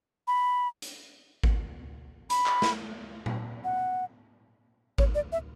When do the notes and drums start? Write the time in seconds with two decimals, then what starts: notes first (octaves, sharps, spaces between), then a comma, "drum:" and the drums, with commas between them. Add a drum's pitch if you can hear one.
0.28 B5
0.82 drum: hi-hat
1.43 drum: kick G#1
2.30 B5, drum: hi-hat
2.46 drum: clap
2.62 drum: snare
3.26 drum: tom A#2
3.64 F#5
4.98 C#5, drum: kick G#1
5.15 D5
5.32 E5